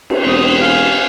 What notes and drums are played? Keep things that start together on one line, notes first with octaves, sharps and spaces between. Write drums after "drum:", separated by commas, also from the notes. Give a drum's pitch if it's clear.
drum: cymbal
E1 C4 D#6
F5 G#5